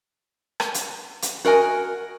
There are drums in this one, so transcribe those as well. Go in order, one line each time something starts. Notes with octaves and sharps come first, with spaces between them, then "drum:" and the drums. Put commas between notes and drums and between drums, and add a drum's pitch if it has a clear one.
drum: rim click
drum: hi-hat
drum: hi-hat
F#4 A#4 D#5 G#5